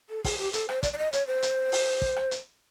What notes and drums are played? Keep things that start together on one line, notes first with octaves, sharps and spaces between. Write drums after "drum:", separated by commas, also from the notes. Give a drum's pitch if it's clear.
A4
G#4, drum: kick, open hi-hat
G4
A4, drum: hi-hat
C5, drum: rim click
D5, drum: kick, hi-hat
D5
D#5
C#5, drum: hi-hat
C5
drum: hi-hat
drum: open hi-hat
drum: kick
drum: rim click
drum: hi-hat